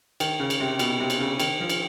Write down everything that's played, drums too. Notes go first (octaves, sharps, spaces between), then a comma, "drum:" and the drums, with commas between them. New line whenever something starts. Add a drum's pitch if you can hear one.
D#3, drum: cymbal
C#3
drum: cymbal
C3
B2, drum: cymbal
C3
drum: cymbal
C#3
D#3, drum: cymbal
F3
drum: cymbal